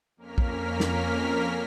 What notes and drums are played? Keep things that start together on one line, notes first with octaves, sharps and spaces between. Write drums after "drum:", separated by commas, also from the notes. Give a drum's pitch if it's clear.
F2 A#3 C#4 A#4 F6 B6
drum: kick
drum: snare